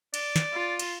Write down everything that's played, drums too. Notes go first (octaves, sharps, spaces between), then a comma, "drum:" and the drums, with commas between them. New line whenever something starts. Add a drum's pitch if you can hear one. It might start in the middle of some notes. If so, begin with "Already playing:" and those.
D5, drum: cymbal
drum: snare
F4
drum: cymbal